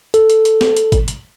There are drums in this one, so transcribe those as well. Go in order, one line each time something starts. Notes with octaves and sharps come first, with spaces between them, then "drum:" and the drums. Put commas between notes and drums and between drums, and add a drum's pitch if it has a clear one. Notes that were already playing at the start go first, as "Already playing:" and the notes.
A4, drum: hi-hat
drum: hi-hat
drum: hi-hat
drum: snare
drum: hi-hat
drum: kick, hi-hat
drum: hi-hat